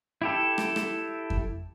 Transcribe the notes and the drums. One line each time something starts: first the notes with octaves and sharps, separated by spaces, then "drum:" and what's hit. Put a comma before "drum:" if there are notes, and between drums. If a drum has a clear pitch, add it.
E4 G4 A4
drum: rim click
drum: rim click
drum: kick F2